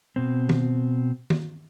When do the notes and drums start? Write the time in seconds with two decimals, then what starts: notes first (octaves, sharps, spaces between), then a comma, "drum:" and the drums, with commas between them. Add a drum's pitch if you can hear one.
0.16 B2 C4
0.49 drum: tom D#3
1.30 drum: tom D#3